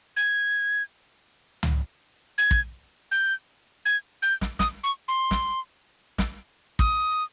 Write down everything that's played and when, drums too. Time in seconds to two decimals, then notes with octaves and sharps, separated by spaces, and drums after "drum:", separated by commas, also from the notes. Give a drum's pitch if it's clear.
0.16 G#6
1.63 drum: tom C#2
2.38 G#6
2.51 drum: kick
3.11 G6
3.85 G#6
4.22 G6
4.41 drum: snare
4.59 D#6, drum: snare
4.83 C#6
5.08 C6
5.31 drum: snare
6.18 drum: snare
6.79 D#6, drum: kick